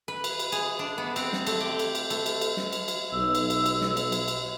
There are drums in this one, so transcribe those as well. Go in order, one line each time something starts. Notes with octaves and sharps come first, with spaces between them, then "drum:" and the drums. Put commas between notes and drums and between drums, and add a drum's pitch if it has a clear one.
B4
drum: cymbal
drum: cymbal
G#4, drum: cymbal
D4
B3
C4, drum: cymbal
drum: snare
A3, drum: cymbal
G4
drum: cymbal
drum: cymbal
A3, drum: cymbal
drum: cymbal
drum: cymbal
drum: snare
drum: cymbal
drum: cymbal
B1 E6
drum: cymbal
drum: cymbal
drum: cymbal
drum: snare
drum: cymbal
drum: cymbal
drum: cymbal